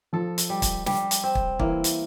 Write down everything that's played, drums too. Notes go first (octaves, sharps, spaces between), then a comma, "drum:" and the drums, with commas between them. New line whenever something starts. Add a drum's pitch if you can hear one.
F3 F4 A4
drum: hi-hat
G3
drum: kick, hi-hat
G3, drum: snare
drum: hi-hat
C4
drum: kick
E3 A#3 E4, drum: kick
drum: hi-hat